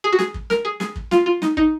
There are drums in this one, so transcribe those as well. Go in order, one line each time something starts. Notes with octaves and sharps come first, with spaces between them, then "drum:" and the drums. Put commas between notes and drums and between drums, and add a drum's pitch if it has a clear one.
G#4
F#4
G#4, drum: snare
drum: kick
A#4, drum: snare
G#4
G#4, drum: snare
drum: kick
F4, drum: snare
F4
D#4, drum: snare
D#4, drum: kick